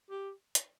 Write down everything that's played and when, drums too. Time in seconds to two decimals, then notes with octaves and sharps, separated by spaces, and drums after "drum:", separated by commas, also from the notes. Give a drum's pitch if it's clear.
0.10 G4
0.55 drum: hi-hat